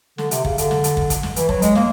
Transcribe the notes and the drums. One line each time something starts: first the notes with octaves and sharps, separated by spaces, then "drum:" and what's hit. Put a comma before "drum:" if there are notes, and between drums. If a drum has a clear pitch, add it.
D3, drum: snare
C3, drum: hi-hat
C#3, drum: kick
D3, drum: hi-hat
drum: snare
drum: hi-hat
drum: kick
drum: kick, hi-hat
drum: snare
E3, drum: hi-hat
F#3, drum: kick
G#3, drum: hi-hat
A#3, drum: snare